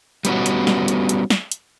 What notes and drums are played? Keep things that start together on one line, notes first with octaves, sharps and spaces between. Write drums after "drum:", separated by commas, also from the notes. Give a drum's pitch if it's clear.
G3 B3 C#4 F#4, drum: hi-hat
drum: hi-hat
drum: snare
drum: hi-hat
drum: hi-hat
drum: snare
drum: hi-hat